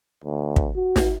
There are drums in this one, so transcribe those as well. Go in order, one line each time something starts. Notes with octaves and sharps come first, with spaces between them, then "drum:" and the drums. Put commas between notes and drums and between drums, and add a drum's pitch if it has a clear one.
D2
drum: kick
F#4
drum: snare